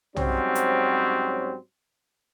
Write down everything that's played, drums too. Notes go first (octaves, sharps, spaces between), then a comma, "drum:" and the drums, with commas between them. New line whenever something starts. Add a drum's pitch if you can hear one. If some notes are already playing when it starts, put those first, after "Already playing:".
G#2 F#3 G3 C4 C#4, drum: tom B1
drum: hi-hat